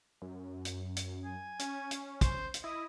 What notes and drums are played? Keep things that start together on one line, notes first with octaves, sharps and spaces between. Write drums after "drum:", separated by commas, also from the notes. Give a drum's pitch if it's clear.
F#2
drum: hi-hat
drum: hi-hat
G#5
C#4, drum: hi-hat
drum: hi-hat
C5, drum: kick, hi-hat
drum: hi-hat
E4 D#5